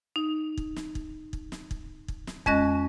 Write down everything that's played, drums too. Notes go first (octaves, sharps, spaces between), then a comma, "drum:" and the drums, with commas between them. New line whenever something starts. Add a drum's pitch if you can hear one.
D#4
drum: kick
drum: snare
drum: kick
drum: kick
drum: snare
drum: kick
drum: kick
drum: snare
F2 G#3 C#4 D#5 F#6 A#6, drum: kick